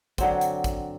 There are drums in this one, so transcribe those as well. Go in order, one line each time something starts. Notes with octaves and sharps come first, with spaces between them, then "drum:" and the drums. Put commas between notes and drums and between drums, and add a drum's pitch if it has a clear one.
D3 F#3 C4, drum: kick, hi-hat
drum: hi-hat
drum: kick, hi-hat